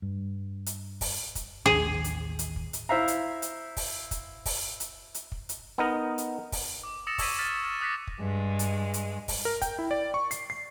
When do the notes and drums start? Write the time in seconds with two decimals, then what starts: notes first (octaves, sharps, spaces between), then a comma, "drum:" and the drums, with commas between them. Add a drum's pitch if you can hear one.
0.02 G2
0.66 drum: hi-hat
1.01 drum: kick, open hi-hat
1.35 drum: kick, hi-hat
1.66 A1 D#2 G#4
2.04 drum: hi-hat
2.39 drum: hi-hat
2.56 drum: kick
2.73 drum: hi-hat
2.89 E4 C5 E5 F5 A#5
3.08 drum: hi-hat
3.42 drum: hi-hat
3.77 drum: kick, open hi-hat
4.11 drum: kick, hi-hat
4.46 drum: kick, open hi-hat
4.80 drum: hi-hat
5.14 drum: hi-hat
5.32 drum: kick
5.49 drum: hi-hat
5.78 B3 D#4 A#4
6.18 drum: hi-hat
6.52 drum: kick, open hi-hat
6.83 D6
7.07 D#6 E6 A6 A#6 C#7 E7
7.18 C#6 E6 G#6 B6 D#7, drum: kick, open hi-hat
7.39 F6 A6 B6 D#7
7.62 F6 E7
7.81 D6 D#6 F#6 A#6 B6 C#7
8.07 drum: kick
8.19 G2 G#3
8.59 drum: hi-hat
8.94 drum: hi-hat
9.28 drum: kick, open hi-hat
9.45 A#4
9.62 G5, drum: kick, hi-hat
9.79 E4
9.91 D5
10.14 C#6
10.31 C7, drum: hi-hat
10.50 C7